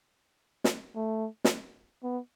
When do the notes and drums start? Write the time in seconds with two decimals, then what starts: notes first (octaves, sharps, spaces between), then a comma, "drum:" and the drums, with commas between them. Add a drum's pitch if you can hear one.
0.64 drum: snare
0.95 A3
1.44 drum: snare
2.03 B3